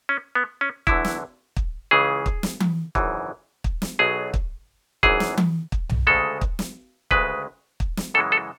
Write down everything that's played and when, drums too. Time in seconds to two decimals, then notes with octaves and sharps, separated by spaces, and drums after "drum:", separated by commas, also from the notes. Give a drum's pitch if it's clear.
0.09 C#4
0.35 B3
0.61 C#4
0.87 E2 D3 F#3 E4, drum: kick
1.05 drum: snare
1.56 drum: kick
1.91 C#2 C#3 E3 G#4
2.26 drum: kick
2.43 drum: snare
2.60 drum: tom E3
2.95 G#1 F#2 C#3 E3, drum: kick
3.64 drum: kick
3.82 drum: snare
3.99 B1 B2 F#3 G#4
4.34 drum: kick
5.03 G#1 F#2 E3 G#4, drum: kick
5.20 drum: snare
5.38 drum: tom E3
5.72 drum: kick
5.89 drum: tom B1
6.07 D2 C#3 G#3 A4
6.41 drum: kick
6.59 drum: snare
7.11 D2 C#3 G#3 B4, drum: kick
7.80 drum: kick
7.97 drum: snare
8.14 F#2 C#3 E3 G#3 A4
8.32 A4